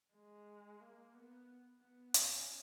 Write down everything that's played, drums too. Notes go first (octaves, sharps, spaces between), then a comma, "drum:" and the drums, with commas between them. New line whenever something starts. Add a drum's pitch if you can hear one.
G#3
A#3
B3
B3
C#4, drum: hi-hat